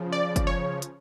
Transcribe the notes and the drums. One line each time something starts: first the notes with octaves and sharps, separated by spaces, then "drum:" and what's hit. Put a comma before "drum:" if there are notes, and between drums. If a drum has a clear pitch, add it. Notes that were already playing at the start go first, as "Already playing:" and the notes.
Already playing: C#3 F3
D5
drum: kick F#1, hi-hat
C#5
drum: hi-hat